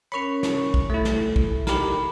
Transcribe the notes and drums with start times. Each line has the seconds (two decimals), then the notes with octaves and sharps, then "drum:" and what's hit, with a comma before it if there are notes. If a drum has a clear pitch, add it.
0.12 C#4 A#4 C#5 B5 C#6
0.43 drum: snare
0.74 drum: kick
0.90 A3 E4 A4
1.05 drum: snare
1.36 drum: kick
1.67 D#4 G4 A#4 B5, drum: snare